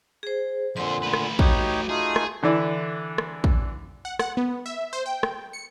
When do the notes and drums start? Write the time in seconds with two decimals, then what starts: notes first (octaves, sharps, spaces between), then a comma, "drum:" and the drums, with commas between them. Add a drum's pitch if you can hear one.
0.23 G#4 C5
0.77 F2 A#2 D3 C5 C6
1.03 A3 B4
1.13 drum: rim click
1.39 D#4 F#4 G4 C#5, drum: kick
1.89 A3 D#4 F4 G#4
2.16 drum: rim click
2.43 D3 E3 D4 E4
3.18 drum: rim click
3.44 drum: kick
4.05 F#5
4.19 F#5, drum: rim click
4.37 B3
4.66 E5
4.93 C5
5.06 G5
5.23 drum: rim click
5.53 C#7